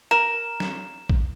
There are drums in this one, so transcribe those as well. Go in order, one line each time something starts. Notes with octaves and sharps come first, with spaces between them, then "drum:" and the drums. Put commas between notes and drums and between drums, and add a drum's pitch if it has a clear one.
A#4 E7
drum: snare
drum: kick